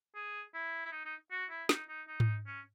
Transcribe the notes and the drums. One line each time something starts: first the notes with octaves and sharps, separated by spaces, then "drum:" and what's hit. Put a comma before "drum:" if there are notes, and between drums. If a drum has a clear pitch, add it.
G#4
E4
E4
D#4
D#4
F#4
E4
D#4, drum: snare
D#4
D#4
drum: tom G#2
C#4